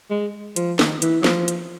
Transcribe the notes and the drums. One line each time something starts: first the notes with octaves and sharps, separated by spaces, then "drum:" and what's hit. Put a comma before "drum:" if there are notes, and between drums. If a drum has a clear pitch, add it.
G#3
F3, drum: hi-hat
D#3, drum: snare
E3, drum: hi-hat
F#3
F3, drum: snare
drum: hi-hat